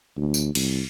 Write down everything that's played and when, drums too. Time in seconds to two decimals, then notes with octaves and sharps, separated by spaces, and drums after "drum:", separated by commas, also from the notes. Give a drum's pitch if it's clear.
0.17 D2
0.34 drum: tambourine
0.55 C2, drum: cymbal